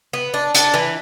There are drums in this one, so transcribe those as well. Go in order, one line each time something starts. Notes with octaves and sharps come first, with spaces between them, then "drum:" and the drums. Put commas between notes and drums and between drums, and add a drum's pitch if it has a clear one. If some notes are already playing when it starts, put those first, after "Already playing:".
B3
D4
D4, drum: hi-hat
E3